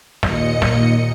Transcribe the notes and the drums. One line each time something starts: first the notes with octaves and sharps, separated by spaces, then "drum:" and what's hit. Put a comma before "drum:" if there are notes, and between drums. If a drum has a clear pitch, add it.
D#2 A#2 D#5 C#7, drum: snare
drum: snare